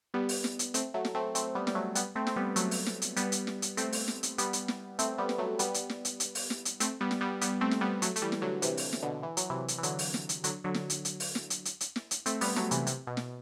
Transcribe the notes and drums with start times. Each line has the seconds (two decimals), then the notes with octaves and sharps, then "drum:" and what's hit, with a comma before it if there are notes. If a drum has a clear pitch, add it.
0.14 G3 B3
0.29 drum: open hi-hat
0.44 drum: snare
0.59 drum: hi-hat
0.74 A3 C4, drum: hi-hat
0.94 F#3 A3
1.05 drum: snare
1.15 A3 C4
1.35 A3 C4, drum: hi-hat
1.55 G3 B3
1.67 G3, drum: snare
1.75 F#3 A3
1.95 G3 B3, drum: hi-hat
2.16 A3 C4
2.27 C4, drum: snare
2.36 G3 B3
2.56 F#3 A3, drum: hi-hat
2.71 drum: open hi-hat
2.86 drum: snare
3.02 drum: hi-hat
3.16 G3 B3, drum: hi-hat
3.32 drum: hi-hat
3.47 drum: snare
3.62 drum: hi-hat
3.77 A3 C4, drum: hi-hat
3.93 drum: open hi-hat
4.08 drum: snare
4.23 drum: hi-hat
4.38 G3 B3, drum: hi-hat
4.53 drum: hi-hat
4.68 drum: snare
4.99 A3 C4, drum: hi-hat
5.18 G3 B3
5.29 drum: snare
5.38 F#3 A3
5.59 G3 B3, drum: hi-hat
5.74 drum: hi-hat
5.90 drum: snare
6.05 drum: hi-hat
6.20 drum: hi-hat
6.35 drum: open hi-hat
6.50 drum: snare
6.65 drum: hi-hat
6.80 A3 C4, drum: hi-hat
7.01 G3 B3
7.11 drum: snare
7.21 G3 B3
7.41 G3 B3, drum: hi-hat
7.61 A3 C4
7.71 drum: snare
7.81 G3 B3
8.02 F#3 A3, drum: hi-hat
8.16 A3, drum: hi-hat
8.22 E3 G3
8.32 drum: snare
8.42 D3 F#3
8.62 C3 E3, drum: hi-hat
8.77 drum: open hi-hat
8.93 drum: snare
9.03 B2 D3
9.23 E3
9.37 F#3, drum: hi-hat
9.50 C3 E3
9.68 drum: hi-hat
9.78 E3
9.83 D3 F#3, drum: hi-hat
9.99 drum: open hi-hat
10.14 drum: snare
10.29 drum: hi-hat
10.44 D3 F#3, drum: hi-hat
10.64 D3 F#3
10.74 drum: snare
10.90 drum: hi-hat
11.05 drum: hi-hat
11.20 drum: open hi-hat
11.35 drum: snare
11.50 drum: hi-hat
11.65 drum: hi-hat
11.81 drum: hi-hat
11.96 drum: snare
12.11 drum: hi-hat
12.26 A3 C4, drum: hi-hat
12.41 G3 B3, drum: open hi-hat
12.56 F#3 A3, drum: snare
12.71 C3 E3, drum: hi-hat
12.87 C3, drum: hi-hat
13.07 B2
13.17 drum: snare